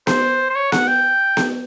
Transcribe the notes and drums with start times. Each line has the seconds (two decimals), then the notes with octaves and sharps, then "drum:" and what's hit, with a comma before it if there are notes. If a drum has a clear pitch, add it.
0.07 C5, drum: snare B3
0.50 C5
0.55 C#5
0.72 F#5, drum: snare B3
0.88 G5
1.37 drum: snare B3